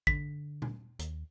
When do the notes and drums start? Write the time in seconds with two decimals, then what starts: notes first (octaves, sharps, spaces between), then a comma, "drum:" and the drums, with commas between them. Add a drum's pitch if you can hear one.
0.07 D3 B6, drum: kick A1
0.62 drum: tom A#2
0.99 D#2, drum: hi-hat